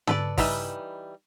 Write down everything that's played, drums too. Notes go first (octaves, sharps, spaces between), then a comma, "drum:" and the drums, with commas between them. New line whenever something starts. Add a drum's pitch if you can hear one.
A4 B4 D5, drum: tom
E3 G3 D#4 B4 E5, drum: kick, open hi-hat